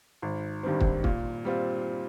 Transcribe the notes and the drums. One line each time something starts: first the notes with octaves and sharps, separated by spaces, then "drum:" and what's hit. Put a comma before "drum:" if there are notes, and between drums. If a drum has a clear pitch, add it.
G#1
G2 D#3 G3 C4
drum: kick
A#2, drum: kick
G3 C4 F4